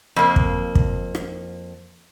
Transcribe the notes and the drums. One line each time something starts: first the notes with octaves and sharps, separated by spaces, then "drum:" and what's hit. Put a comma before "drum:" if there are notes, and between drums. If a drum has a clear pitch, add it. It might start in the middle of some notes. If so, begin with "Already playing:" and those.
F2 A#3
drum: kick
drum: kick
drum: rim click